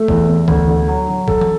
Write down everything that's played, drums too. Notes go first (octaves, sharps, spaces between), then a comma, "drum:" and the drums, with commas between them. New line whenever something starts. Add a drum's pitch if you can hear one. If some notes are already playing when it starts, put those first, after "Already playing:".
Already playing: A3
E2, drum: kick
E2
D2, drum: kick
D3
F#3
F#3
A4, drum: kick
drum: tom